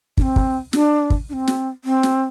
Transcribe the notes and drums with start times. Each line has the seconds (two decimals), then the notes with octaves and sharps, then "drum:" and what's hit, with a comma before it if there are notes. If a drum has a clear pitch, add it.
0.18 D4, drum: kick
0.22 C4
0.36 drum: kick
0.73 D4, drum: snare
1.10 drum: kick
1.29 D4
1.33 C4
1.48 drum: snare
1.84 C4
2.03 drum: snare